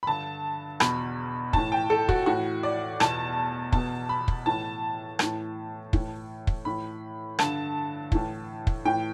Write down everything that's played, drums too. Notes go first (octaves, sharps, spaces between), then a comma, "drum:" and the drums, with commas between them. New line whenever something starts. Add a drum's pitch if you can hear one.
B5
G2 D3 A5
E2 B2 B5, drum: rim click
A2 E3 A5, drum: kick
G5
A4
F#4, drum: kick
A2 E3 F#4
D5
E2 B2 A5, drum: rim click
E2 B2 A5, drum: kick
B5
drum: kick
A2 E3 A5
A2 E3, drum: rim click
A2 E3, drum: kick
drum: kick
A2 E3 B5
G2 D3 A5, drum: rim click
A2 E3, drum: kick
drum: kick
A2 E3 G5